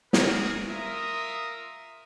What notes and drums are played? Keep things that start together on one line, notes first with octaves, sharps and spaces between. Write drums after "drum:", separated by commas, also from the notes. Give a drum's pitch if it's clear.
G3 F#4 G#4 A#4, drum: snare
F4 A#4 E5 D#6